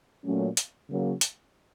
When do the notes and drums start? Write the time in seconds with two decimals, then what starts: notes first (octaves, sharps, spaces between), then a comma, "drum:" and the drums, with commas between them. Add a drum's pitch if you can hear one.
0.25 A#2 F#3 A3 C#4
0.57 drum: hi-hat
0.89 C#3 F#3 A#3
1.21 drum: hi-hat